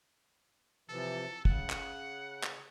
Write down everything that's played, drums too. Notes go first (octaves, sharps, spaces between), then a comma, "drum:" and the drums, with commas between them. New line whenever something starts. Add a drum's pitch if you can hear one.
C3 E3 F3 A4
C#3 F#5, drum: kick
drum: clap
drum: clap